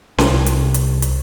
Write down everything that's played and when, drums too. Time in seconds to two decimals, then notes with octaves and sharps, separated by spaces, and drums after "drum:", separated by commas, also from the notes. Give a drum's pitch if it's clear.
0.18 C2, drum: snare C#4
0.46 drum: hi-hat
0.74 drum: hi-hat
1.02 drum: hi-hat